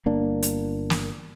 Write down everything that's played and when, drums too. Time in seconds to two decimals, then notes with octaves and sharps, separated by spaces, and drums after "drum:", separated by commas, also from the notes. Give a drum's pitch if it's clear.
0.06 G1 A#3 D4
0.42 drum: hi-hat
0.90 drum: snare